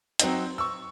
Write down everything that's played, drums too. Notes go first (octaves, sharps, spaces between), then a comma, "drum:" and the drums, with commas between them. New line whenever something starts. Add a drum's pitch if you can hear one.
F#3 C4 D#4, drum: hi-hat
C#6 E6